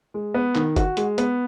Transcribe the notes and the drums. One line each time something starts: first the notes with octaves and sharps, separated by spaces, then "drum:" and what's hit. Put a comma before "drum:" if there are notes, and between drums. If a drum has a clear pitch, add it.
G#3
B3
D#3, drum: clap
F#4, drum: kick F#1, hi-hat
G#3, drum: hi-hat
B3, drum: hi-hat